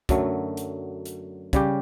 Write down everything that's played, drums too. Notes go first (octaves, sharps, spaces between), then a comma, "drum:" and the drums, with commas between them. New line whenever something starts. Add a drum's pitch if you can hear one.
F#2 D3 F#3 A3, drum: kick, hi-hat
drum: hi-hat
drum: hi-hat
C#3 G3 C#4 G4, drum: kick, hi-hat